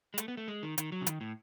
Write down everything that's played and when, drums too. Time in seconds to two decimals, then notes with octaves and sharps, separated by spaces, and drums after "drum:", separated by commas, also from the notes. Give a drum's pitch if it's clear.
0.14 G#3
0.18 A3, drum: hi-hat
0.28 B3
0.37 A3
0.48 G#3
0.63 D#3
0.78 D#3, drum: hi-hat
0.92 F#3
1.01 C#3
1.07 D#3, drum: hi-hat
1.21 A2